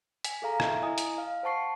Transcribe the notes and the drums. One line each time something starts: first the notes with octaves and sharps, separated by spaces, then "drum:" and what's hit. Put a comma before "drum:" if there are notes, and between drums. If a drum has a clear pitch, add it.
G#5 B6, drum: hi-hat
G#4 A4 F5 A#5
D#5 E5, drum: rim click
E4 D#5 G#5 A#5 D#6
drum: hi-hat
F5
C5 F#5 A5 C#6 C7